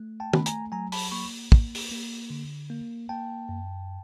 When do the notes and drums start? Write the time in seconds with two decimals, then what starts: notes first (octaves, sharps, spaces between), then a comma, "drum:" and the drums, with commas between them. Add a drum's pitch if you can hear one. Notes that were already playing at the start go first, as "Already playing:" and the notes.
Already playing: A3
0.20 G5 A5
0.33 A3 B5, drum: tom
0.46 G#5 A#5, drum: hi-hat
0.72 F#3 G#5 A#5
0.92 A5 B5, drum: open hi-hat
1.11 A#3 B5 C#6
1.52 A#3, drum: kick
1.75 drum: open hi-hat
1.91 A#3
2.30 D3
2.70 A#3
3.09 A#3 G5 A5
3.49 F#2